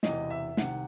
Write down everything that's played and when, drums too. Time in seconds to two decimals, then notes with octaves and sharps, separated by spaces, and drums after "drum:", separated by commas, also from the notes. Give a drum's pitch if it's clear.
0.03 E1 E2 C3 E3 D#5, drum: snare
0.30 E5
0.57 C2 C3 D#3 F#5, drum: snare